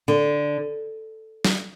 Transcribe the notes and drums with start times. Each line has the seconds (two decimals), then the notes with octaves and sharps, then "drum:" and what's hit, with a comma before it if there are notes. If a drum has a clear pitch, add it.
0.08 D3
1.45 drum: snare